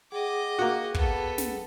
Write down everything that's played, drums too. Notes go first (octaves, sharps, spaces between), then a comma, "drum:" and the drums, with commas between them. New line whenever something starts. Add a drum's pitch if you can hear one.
G#4 D#5 F#5 G5 D6
A#3 F#4
B3 A4, drum: kick
drum: snare